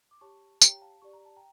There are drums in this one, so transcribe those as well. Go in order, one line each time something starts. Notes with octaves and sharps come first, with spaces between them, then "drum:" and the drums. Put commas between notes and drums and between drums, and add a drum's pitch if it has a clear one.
D6
G4 C#5 A5 C#6
G4 C#5 G5 A#5, drum: tambourine
F5 A5
G4 D5 C#6
A#5
A5
G5 A#5